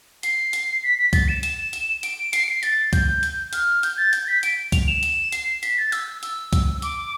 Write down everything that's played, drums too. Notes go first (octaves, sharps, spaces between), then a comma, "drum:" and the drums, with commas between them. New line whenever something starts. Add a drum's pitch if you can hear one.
C7, drum: hi-hat
drum: hi-hat
B6
B6
A6, drum: kick C2, hi-hat
E7
E7, drum: hi-hat
drum: hi-hat
D7, drum: hi-hat
C7, drum: hi-hat
D7
C7
A6, drum: hi-hat
G6, drum: kick C2, hi-hat
drum: hi-hat
F6, drum: hi-hat
G6, drum: hi-hat
A6
G6, drum: hi-hat
B6
D7, drum: hi-hat
F7, drum: kick C2, hi-hat
E7
drum: hi-hat
C7, drum: hi-hat
B6, drum: hi-hat
A6
E6, drum: hi-hat
E6, drum: hi-hat
drum: kick C2, hi-hat
D6, drum: hi-hat